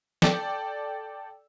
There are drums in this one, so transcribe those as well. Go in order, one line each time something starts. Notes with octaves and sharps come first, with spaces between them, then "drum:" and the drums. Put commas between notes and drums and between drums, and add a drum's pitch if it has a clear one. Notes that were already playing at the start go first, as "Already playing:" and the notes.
A4 D5 G5, drum: snare